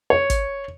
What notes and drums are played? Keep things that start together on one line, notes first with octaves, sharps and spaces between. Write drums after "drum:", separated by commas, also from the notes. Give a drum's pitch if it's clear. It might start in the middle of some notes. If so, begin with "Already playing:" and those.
C#5
drum: kick, hi-hat